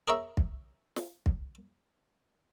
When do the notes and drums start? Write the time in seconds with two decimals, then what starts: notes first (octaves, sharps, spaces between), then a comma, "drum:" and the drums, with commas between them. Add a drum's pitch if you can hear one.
0.08 G#4 A#4 C#5 E5
0.37 drum: kick
0.96 drum: snare
1.26 drum: kick